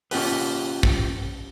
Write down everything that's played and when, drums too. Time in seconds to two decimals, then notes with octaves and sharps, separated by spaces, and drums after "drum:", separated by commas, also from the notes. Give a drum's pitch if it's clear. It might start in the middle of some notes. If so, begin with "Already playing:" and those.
0.11 C#4 F4 G4 B4, drum: open hi-hat
0.83 drum: kick